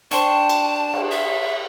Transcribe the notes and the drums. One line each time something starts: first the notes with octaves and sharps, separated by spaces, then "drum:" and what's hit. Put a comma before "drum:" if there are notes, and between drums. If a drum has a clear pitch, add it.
D4 C5 G5 A5 C#6, drum: hi-hat
drum: cymbal
drum: cymbal
G#4 E5